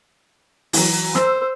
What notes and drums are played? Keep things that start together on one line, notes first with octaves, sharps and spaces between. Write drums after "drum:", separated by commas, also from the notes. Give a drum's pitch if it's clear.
E3 F#3, drum: open hi-hat
C5 E6, drum: snare